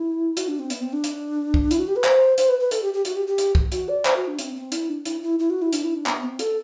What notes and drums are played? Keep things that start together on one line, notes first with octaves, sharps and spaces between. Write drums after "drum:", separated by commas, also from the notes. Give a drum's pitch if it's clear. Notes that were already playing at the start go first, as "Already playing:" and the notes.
Already playing: E4
F#4, drum: hi-hat
D4
C4
B3, drum: hi-hat
C4
D4
drum: hi-hat
drum: kick
E4, drum: hi-hat
F#4
G4
B4
C5, drum: clap
C5, drum: hi-hat
B4
B4
A4, drum: hi-hat
G4
G4
F#4, drum: hi-hat
G4
G4
drum: hi-hat
drum: kick
F#4, drum: hi-hat
D5
C5, drum: clap
F#4
D4
C4, drum: hi-hat
C4
E4, drum: hi-hat
D4
E4, drum: hi-hat
E4
E4
F#4
E4
D4, drum: hi-hat
E4
D4
B3, drum: clap
C4
A4, drum: hi-hat